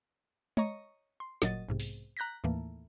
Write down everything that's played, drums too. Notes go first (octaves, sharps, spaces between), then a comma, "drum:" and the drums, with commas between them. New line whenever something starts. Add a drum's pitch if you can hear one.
C#5 D#5 A#5 C#6, drum: tom G#3
C6
G1 A#2 F#3 D#5 A6, drum: snare
B1 G#2 C3
drum: open hi-hat
A#5 F#6 G6 A#6 B6
D#2 A2 E3 A3 A#3